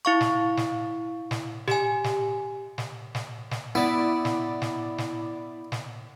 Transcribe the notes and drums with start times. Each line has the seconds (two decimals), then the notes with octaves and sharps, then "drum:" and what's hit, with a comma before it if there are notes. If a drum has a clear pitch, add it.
0.05 E4 F5 C#6
0.21 drum: snare
0.57 drum: snare
1.31 drum: snare
1.68 G4 G#5, drum: snare
2.04 drum: snare
2.78 drum: snare
3.15 drum: snare
3.51 drum: snare
3.75 B3 E4 D5
4.25 drum: snare
4.62 drum: snare
4.98 drum: snare
5.72 drum: snare